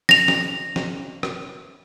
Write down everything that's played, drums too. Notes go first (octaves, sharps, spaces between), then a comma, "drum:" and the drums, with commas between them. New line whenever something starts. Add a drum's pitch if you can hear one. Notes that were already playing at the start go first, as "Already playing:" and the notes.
A#6 F7, drum: snare
drum: snare
drum: snare
drum: rim click